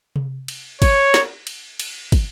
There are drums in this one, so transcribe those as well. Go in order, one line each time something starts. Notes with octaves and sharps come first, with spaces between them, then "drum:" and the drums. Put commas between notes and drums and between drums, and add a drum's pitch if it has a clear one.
drum: tom C3
drum: cymbal
C#5, drum: kick, cymbal
drum: snare
drum: cymbal
drum: cymbal
drum: kick, cymbal